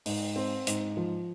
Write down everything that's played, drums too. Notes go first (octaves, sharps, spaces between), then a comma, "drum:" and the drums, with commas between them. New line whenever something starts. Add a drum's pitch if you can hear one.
G#2, drum: open hi-hat
C4
G#2, drum: hi-hat
F3